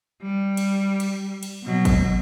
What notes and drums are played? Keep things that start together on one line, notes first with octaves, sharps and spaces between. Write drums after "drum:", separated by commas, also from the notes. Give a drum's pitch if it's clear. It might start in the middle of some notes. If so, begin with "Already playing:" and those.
G3
drum: cymbal
drum: cymbal
drum: cymbal
B2 F#3
drum: kick, cymbal